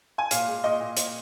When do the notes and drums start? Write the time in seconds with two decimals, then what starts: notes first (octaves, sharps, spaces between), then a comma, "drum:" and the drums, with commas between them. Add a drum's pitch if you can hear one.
0.18 G#5
0.31 A#2 F5, drum: hi-hat
0.48 G#3
0.64 A#2 D#5
0.80 A#2
0.97 A#2, drum: hi-hat